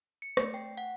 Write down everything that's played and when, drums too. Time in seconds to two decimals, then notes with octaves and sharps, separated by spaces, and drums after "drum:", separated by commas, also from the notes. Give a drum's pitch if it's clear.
0.22 C#7
0.37 A3, drum: rim click
0.54 G5
0.78 F#5